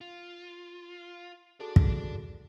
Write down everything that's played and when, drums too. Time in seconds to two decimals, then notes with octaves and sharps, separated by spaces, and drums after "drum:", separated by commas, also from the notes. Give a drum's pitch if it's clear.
0.01 F4
1.60 F#4 G#4 A4 D5 A5
1.76 drum: kick